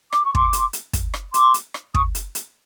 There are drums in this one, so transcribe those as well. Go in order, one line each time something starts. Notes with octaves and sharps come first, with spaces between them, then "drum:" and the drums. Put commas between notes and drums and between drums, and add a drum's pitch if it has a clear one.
D6, drum: rim click
C#6
C6 D6, drum: kick
drum: hi-hat
drum: hi-hat
drum: kick, hi-hat
drum: rim click
C6 D6, drum: hi-hat
drum: hi-hat
drum: rim click
C#6 D#6, drum: kick
drum: hi-hat
drum: hi-hat